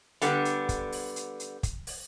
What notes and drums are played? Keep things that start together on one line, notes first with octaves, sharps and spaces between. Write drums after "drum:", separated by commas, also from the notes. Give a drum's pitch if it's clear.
D3 G3 B3, drum: hi-hat
drum: hi-hat
drum: kick, hi-hat
drum: open hi-hat
drum: hi-hat
drum: hi-hat
drum: kick, hi-hat
drum: open hi-hat